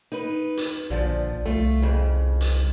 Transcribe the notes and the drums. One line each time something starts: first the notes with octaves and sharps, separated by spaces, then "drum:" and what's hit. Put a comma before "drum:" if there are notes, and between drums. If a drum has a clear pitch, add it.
D#4 B4
drum: hi-hat
A#1 A#2 D3 F3
C2 A3 F4
F2 C#3
drum: hi-hat